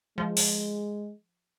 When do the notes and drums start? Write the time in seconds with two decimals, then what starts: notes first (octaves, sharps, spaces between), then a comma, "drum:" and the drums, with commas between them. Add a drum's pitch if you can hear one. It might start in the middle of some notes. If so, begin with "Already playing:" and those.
0.18 F3 G#3
0.37 drum: open hi-hat